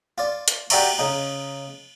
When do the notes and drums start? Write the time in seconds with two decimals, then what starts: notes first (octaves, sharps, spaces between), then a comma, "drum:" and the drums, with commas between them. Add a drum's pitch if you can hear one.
0.18 F4 D5
0.48 drum: hi-hat
0.70 F#4 G4 D5 E5 A#5 C#6, drum: cymbal
0.98 C#3 D#4